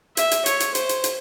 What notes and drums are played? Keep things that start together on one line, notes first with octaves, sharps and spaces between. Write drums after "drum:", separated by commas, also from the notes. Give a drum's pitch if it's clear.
E5, drum: hi-hat
drum: hi-hat
C#5, drum: hi-hat
drum: hi-hat
C5, drum: hi-hat
drum: hi-hat
drum: hi-hat